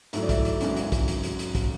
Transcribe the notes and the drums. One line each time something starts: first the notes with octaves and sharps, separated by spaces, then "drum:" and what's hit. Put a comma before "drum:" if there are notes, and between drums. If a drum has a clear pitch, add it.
G#2 F#3 A3 E4 E5, drum: hi-hat
D5
E4 E5, drum: kick, hi-hat
drum: hi-hat
G#1 G#2 F#3 C#4, drum: hi-hat
drum: hi-hat
drum: kick, hi-hat
drum: hi-hat
drum: hi-hat
drum: hi-hat
drum: kick, hi-hat